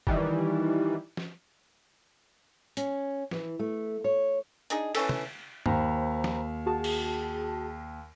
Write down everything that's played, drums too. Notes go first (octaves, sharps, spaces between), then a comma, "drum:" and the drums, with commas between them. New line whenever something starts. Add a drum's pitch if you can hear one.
D#3 E3 G3, drum: kick
drum: snare F3
C#4, drum: hi-hat
E3, drum: snare F3
A3
C#5
D4 D#4 G#4, drum: hi-hat
E3 C#4 A4, drum: cymbal
drum: tom
D#2 C5 A#5 B5, drum: tom G2
drum: snare F3
F#4 G#4 A5
drum: cymbal